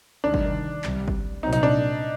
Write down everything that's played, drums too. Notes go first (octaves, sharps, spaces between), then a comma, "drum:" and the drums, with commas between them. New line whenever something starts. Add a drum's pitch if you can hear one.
D2 C3 D#3 G3 D4
drum: kick G1
C2 C3 G3, drum: clap
drum: kick G1
C2 A#2 F#3 C4 D#4
D#4, drum: hi-hat
D4